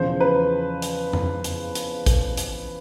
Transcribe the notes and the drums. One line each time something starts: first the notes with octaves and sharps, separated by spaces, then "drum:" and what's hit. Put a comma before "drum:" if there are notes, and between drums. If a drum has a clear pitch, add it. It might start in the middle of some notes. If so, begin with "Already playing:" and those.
Already playing: E2 C#3 F3 C5
B4
drum: hi-hat
drum: tom F2
drum: hi-hat
drum: hi-hat
drum: kick A1, hi-hat
drum: hi-hat